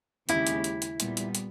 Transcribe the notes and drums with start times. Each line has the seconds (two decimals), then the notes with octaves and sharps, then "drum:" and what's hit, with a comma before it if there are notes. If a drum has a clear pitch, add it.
0.29 D#2 C#3 G#3 C#4 E4 G4, drum: hi-hat
0.47 drum: hi-hat
0.64 drum: hi-hat
0.82 drum: hi-hat
1.00 A#2 G3 B3, drum: hi-hat
1.17 drum: hi-hat
1.35 drum: hi-hat